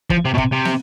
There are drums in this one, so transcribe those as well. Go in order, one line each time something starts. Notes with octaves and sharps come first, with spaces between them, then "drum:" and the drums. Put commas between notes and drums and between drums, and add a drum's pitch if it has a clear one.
F3, drum: kick
C3
B2
C3, drum: kick
C3
drum: snare